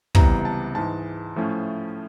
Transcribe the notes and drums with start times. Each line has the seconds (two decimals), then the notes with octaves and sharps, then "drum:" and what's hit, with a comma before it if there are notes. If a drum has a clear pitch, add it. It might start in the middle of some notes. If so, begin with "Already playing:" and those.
0.15 C#2 C3 E3 G3 B3 A#5, drum: kick
0.45 A5
0.75 G#2 E3 G#3 A5
1.36 A2 F3 A3 C#4